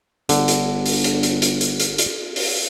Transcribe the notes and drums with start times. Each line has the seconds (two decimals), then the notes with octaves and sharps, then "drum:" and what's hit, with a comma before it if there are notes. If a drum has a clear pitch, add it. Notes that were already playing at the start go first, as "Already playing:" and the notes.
0.29 G1 D3, drum: hi-hat
0.48 drum: hi-hat
0.86 drum: open hi-hat
1.04 drum: hi-hat
1.23 drum: hi-hat
1.42 drum: hi-hat
1.61 drum: hi-hat
1.80 drum: hi-hat
1.98 drum: hi-hat
2.36 drum: open hi-hat